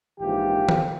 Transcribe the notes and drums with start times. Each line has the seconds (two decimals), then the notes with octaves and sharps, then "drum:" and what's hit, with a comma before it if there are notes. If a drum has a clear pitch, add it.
0.20 A#1 G#2 E3 F4 G4
0.69 drum: tom D#3